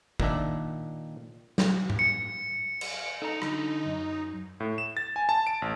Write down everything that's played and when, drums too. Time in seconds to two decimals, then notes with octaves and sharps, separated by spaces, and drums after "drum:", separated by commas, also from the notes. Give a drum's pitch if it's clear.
0.20 A#2 D#3 D4 E5, drum: kick
1.58 drum: snare
1.90 drum: tom G#2
1.99 C#7
2.81 drum: cymbal
3.22 D#4 A4 A#5
3.42 D3, drum: rim click
3.86 F#2
4.60 A2
4.78 E7
4.97 A6
5.16 G#5
5.29 A5
5.47 D7
5.62 A1